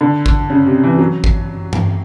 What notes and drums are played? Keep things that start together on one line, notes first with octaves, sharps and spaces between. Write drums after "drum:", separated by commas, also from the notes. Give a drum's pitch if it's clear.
D3
drum: kick G#1
C#3
C3
E3
F#3
drum: kick G#1
drum: tom G2